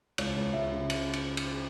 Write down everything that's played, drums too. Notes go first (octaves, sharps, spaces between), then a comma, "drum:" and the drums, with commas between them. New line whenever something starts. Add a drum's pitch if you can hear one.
C#2 C#5, drum: cymbal
C#2
C#2 E5
C#3
drum: cymbal
drum: cymbal
drum: cymbal